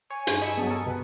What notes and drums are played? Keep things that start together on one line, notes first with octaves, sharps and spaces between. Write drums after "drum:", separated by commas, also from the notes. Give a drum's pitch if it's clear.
C#5 G#5
G2 D#4, drum: hi-hat
D#5 B5 C#6 E6
G2 F#3 G#3 B3 A5 D#6
A4 A#4 C#6
C#2 B2 B4